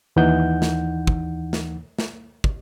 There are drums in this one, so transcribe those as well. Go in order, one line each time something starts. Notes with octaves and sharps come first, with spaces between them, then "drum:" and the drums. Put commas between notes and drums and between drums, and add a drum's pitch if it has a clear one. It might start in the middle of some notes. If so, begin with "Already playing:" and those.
D#2 E3 D#4 F#5 G6
drum: snare
drum: kick
drum: snare
drum: snare
drum: kick